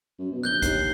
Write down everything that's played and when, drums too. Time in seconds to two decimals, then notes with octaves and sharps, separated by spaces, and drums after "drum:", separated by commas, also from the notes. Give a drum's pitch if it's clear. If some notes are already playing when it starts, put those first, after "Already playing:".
0.19 F#2
0.32 B2
0.44 A#1 F#6 G6 G7
0.62 D#2 C7, drum: kick B1, hi-hat